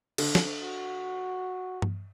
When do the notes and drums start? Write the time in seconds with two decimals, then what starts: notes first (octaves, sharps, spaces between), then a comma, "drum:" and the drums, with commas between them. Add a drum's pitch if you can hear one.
0.18 D3, drum: cymbal
0.35 drum: snare
0.61 F#4
1.82 drum: tom G2